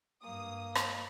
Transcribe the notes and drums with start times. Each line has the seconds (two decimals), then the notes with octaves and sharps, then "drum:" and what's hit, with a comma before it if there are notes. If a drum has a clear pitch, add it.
0.23 G2 A#3 D#6
0.75 B5, drum: rim click